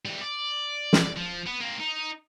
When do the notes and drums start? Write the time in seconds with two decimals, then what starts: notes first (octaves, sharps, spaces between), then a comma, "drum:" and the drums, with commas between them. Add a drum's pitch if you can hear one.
0.05 E3 G3
0.21 D5
0.93 drum: snare
1.17 F3
1.47 B3
1.61 A#3 C4
1.80 D#4